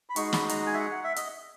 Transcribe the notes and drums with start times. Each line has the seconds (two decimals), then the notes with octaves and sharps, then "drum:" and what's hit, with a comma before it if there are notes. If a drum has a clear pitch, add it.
0.10 B5
0.16 G#3 D#4 F#4 C#6, drum: hi-hat
0.33 B5, drum: snare
0.49 A#5, drum: hi-hat
0.66 G#5
0.74 E5
0.79 F#5
0.92 F#5
1.04 E5
1.16 D#5, drum: hi-hat